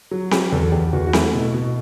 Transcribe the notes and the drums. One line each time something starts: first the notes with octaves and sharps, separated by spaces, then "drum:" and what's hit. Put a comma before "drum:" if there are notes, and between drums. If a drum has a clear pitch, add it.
F#3
F#3 G4, drum: snare C4
E2 A4
E2 G4
E2 F#4
F#4
A3 E4, drum: snare C4
B2
B2